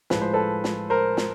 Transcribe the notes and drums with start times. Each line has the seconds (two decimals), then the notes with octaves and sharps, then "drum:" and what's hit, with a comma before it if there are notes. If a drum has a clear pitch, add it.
0.10 A2 F3 G#3 B4, drum: snare
0.22 C5
0.33 A4 B4
0.64 drum: snare
0.90 A#4 C5
1.17 drum: snare